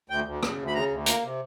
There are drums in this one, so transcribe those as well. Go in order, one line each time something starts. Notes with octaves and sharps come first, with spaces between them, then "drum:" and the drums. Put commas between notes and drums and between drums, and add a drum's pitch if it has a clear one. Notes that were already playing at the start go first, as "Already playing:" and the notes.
D2 G5
D2
C#3, drum: rim click
D2
B5
C#3 A#5
D2
A#3 A#5, drum: hi-hat
C3